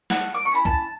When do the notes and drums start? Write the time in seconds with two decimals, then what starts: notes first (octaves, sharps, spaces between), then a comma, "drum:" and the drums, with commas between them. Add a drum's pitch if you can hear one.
0.10 A3 F#5, drum: snare
0.35 D6
0.45 C#6
0.52 C#4 E4 B5
0.65 A5, drum: kick C2